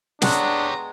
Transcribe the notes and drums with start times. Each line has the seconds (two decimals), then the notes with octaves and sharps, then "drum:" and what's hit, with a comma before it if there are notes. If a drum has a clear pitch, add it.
0.22 G#3 B3 D4 G4 C#5 A#5, drum: snare